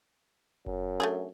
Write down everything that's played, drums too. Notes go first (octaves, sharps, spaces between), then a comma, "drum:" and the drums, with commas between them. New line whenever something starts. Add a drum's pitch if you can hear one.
F#2, drum: kick F#1
A3 D4 G#4